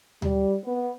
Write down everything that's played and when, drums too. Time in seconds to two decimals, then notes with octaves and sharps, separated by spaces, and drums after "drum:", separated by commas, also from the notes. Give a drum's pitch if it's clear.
0.22 G3, drum: tom D2
0.65 B3